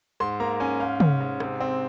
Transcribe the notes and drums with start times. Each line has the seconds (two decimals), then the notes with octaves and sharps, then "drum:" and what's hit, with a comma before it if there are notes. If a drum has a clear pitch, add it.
0.20 G#2 C6, drum: rim click
0.40 A#3 A#5
0.60 C#4 G#5
0.80 G#2 F5
1.00 C#4, drum: tom
1.20 G#2
1.40 C3, drum: rim click
1.60 C4